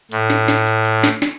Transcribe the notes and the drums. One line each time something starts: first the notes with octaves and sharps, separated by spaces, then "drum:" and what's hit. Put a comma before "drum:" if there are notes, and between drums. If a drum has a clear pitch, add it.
A2, drum: hi-hat
drum: snare
drum: snare
drum: hi-hat
drum: hi-hat
drum: snare
drum: snare